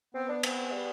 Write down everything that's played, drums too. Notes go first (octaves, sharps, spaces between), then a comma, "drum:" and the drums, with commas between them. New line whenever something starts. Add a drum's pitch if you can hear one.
B3 C4
D4
C4, drum: cymbal
G3